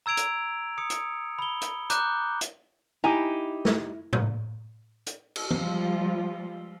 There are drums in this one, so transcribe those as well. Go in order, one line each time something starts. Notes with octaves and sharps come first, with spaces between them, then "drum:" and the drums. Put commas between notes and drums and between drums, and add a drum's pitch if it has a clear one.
A#5 E6 G#6 D7 F7
drum: hi-hat
D#6 C#7
drum: hi-hat
B5 G7
drum: hi-hat
A#5 D6 F#6 G6, drum: hi-hat
drum: hi-hat
D#4 E4 G4 G#5 A#5
drum: snare
drum: tom A2
drum: hi-hat
drum: cymbal
F3 G3 G#3 F4, drum: tom E3